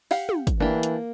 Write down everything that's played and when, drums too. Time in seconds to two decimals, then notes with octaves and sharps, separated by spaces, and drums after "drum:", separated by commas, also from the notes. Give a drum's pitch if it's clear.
0.11 G4 F5 F#5, drum: open hi-hat
0.29 drum: tom
0.47 drum: kick, hi-hat
0.60 E3 A#3 D4 G4
0.83 drum: hi-hat